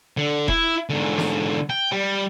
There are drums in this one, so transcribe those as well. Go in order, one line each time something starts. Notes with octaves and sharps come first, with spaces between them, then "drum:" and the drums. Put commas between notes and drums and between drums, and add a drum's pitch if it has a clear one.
D3
E4, drum: kick E1
G#2 D3
drum: snare
G5
G3